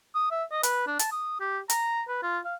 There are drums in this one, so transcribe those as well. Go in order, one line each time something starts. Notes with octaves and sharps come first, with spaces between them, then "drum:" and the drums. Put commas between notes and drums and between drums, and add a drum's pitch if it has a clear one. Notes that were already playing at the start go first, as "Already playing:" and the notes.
D#6
E5
D#5
B4, drum: hi-hat
D4
A5, drum: hi-hat
D#6
G4
A#5, drum: hi-hat
B4
F4
F5